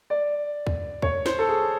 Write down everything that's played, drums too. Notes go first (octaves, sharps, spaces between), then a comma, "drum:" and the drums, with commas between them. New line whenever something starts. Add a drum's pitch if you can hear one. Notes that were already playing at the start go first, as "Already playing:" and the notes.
D5
drum: kick
C#5, drum: kick
C5, drum: snare
A4
G#4